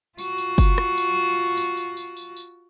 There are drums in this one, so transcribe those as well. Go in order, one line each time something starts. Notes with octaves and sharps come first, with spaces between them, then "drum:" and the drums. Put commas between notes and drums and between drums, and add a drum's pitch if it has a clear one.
F4 F#4, drum: tambourine
drum: tambourine
drum: kick F#1, tambourine
drum: rim click
drum: tambourine
drum: tambourine
drum: tambourine
drum: tambourine
drum: tambourine
drum: tambourine